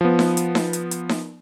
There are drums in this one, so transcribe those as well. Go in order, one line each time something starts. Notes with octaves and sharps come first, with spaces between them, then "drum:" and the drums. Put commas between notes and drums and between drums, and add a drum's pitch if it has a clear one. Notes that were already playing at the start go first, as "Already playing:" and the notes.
F3 B3
drum: snare D#4
drum: hi-hat
drum: snare D#4
drum: hi-hat
drum: hi-hat
drum: snare D#4